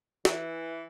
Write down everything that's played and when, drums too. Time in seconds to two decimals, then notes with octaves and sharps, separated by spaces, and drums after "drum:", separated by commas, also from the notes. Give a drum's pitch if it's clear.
0.25 E3, drum: snare